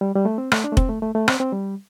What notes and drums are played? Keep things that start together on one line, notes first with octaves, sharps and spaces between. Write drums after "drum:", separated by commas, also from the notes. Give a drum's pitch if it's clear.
G3
G3
A3
C4
A3, drum: rim click
D4
A3
C4, drum: kick F1
A3
A3
A3
C4, drum: rim click
C4
G3